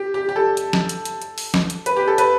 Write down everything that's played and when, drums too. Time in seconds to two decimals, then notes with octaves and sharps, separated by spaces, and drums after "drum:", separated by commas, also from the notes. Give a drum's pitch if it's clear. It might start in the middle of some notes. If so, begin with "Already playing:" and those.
Already playing: G4
0.14 G4
0.29 G4
0.36 A4
0.57 drum: hi-hat
0.73 drum: snare
0.89 drum: hi-hat
1.05 drum: hi-hat
1.22 drum: hi-hat
1.38 drum: open hi-hat
1.54 drum: snare
1.70 drum: hi-hat
1.86 B4, drum: hi-hat
1.97 G4
2.08 A4
2.18 B4, drum: hi-hat